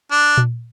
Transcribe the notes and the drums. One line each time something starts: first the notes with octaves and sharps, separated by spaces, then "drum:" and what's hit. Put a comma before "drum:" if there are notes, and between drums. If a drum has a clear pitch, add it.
D4
drum: tom A#2